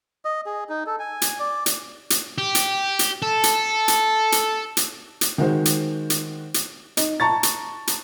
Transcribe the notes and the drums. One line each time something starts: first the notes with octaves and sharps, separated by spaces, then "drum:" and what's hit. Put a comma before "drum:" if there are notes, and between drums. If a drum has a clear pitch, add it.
D#5
G#4
D#4
A4
G#5
drum: hi-hat
D5
drum: hi-hat
drum: hi-hat
G4
drum: hi-hat
drum: hi-hat
A4
drum: hi-hat
drum: hi-hat
drum: hi-hat
drum: hi-hat
drum: hi-hat
D#3 G#3 F#4 C5
drum: hi-hat
drum: hi-hat
drum: hi-hat
D#4, drum: hi-hat
A5 A#5 C#6 A6
drum: hi-hat
drum: hi-hat